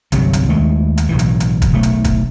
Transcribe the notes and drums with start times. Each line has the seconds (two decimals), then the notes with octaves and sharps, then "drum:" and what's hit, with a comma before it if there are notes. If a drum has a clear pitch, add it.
0.12 G1 C2 C3 F#3, drum: hi-hat
0.33 drum: hi-hat
0.49 D#2 G#3 A3
0.98 drum: hi-hat
1.09 B1 A2 E3
1.19 drum: hi-hat
1.40 drum: hi-hat
1.62 drum: kick, hi-hat
1.73 B1 A3
1.83 drum: hi-hat
2.04 drum: kick, hi-hat